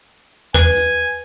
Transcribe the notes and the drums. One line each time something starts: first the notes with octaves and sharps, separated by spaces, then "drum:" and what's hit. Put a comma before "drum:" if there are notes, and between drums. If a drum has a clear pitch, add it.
B4 G#5, drum: tom
drum: hi-hat